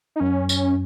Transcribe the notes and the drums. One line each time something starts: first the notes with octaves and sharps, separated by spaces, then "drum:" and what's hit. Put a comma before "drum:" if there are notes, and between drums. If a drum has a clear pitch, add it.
D#4
F#2 C#4
C#4, drum: tambourine